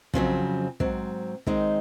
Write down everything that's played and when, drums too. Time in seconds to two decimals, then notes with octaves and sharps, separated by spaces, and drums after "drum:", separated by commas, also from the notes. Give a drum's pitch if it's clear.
0.14 F2 C#3 F#3 C4, drum: kick
0.80 G#2 F#3 C4, drum: kick
1.47 D#3 G#3 C4 D#4, drum: kick